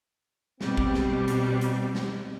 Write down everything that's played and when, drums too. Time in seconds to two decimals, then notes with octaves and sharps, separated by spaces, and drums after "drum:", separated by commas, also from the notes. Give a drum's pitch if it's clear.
0.61 B2 G3 C4, drum: snare
0.77 drum: kick
0.94 drum: snare
1.28 drum: hi-hat
1.61 drum: hi-hat
1.95 drum: snare